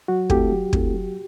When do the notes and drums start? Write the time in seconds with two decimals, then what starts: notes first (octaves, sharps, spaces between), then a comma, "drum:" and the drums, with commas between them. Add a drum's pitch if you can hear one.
0.08 F#3 F#4
0.30 A3 C4 E4 G4 A4, drum: kick
0.52 F#3
0.73 A3 C4 E4 A4, drum: kick
0.94 F#3